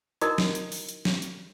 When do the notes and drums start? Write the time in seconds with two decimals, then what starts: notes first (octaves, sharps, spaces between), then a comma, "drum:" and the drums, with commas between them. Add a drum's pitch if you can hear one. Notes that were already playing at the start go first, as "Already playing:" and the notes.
0.21 D#4 E4 F#4 A#4 D#5 D#6, drum: hi-hat
0.38 drum: snare
0.55 drum: hi-hat
0.72 drum: open hi-hat
0.89 drum: hi-hat
1.05 drum: snare
1.22 drum: hi-hat